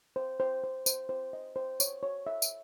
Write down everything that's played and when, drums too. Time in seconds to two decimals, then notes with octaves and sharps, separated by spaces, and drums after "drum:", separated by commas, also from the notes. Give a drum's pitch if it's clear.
0.16 C5
0.40 C5
0.64 C5
0.86 C5, drum: tambourine
1.09 C5
1.33 D#5
1.56 C5
1.80 C#5, drum: tambourine
2.03 C#5
2.27 E5
2.42 drum: tambourine